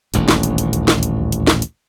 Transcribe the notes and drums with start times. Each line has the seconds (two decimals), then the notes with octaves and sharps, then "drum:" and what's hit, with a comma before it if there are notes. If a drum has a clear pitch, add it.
0.14 D#1 A1 D2, drum: hi-hat
0.28 drum: snare
0.43 drum: hi-hat
0.58 drum: hi-hat
0.73 drum: hi-hat
0.88 drum: snare
1.03 drum: hi-hat
1.32 drum: hi-hat
1.47 drum: snare
1.62 drum: hi-hat